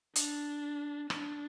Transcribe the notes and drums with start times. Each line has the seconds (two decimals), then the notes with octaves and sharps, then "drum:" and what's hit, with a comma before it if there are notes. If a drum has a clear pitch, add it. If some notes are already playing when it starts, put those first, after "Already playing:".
0.16 D4, drum: hi-hat
1.10 D4, drum: rim click